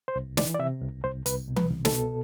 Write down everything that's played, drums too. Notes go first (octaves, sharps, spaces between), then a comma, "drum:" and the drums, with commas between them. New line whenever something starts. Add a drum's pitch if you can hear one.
C5
C2
E3 D5, drum: snare
D5
C3 E5
C2
C2 C5
C2 B4, drum: hi-hat
B2
B4, drum: tom E3
C2
A4, drum: snare
B2